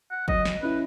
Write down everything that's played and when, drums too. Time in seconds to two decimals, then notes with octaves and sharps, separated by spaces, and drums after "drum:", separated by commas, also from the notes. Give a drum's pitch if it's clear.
0.11 F#5
0.28 F#3 D#5, drum: kick
0.45 drum: snare
0.62 C#4 E4 B4